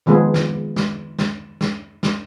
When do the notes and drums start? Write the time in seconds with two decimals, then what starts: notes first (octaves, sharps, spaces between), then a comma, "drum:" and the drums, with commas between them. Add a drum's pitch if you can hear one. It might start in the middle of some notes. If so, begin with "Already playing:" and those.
0.06 D#3 F3 G#3 B3 G#4
0.34 drum: snare
0.76 drum: snare
1.19 drum: snare
1.61 drum: snare
2.03 drum: snare